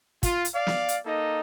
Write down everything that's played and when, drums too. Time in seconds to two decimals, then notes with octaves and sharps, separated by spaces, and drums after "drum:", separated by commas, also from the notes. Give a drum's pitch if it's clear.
0.23 F4, drum: kick, hi-hat
0.45 drum: hi-hat
0.54 D5 F5
0.67 drum: snare
0.89 drum: hi-hat
1.06 A#3 D#4 A4 D#5